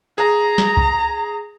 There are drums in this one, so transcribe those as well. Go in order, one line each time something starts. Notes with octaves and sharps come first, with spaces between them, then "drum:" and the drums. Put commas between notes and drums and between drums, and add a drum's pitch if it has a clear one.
G#4 A#5
drum: snare
drum: kick C2